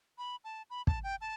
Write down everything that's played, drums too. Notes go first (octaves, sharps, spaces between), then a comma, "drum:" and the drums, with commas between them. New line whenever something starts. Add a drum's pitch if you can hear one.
B5
A5
B5
A5, drum: kick
G5
A5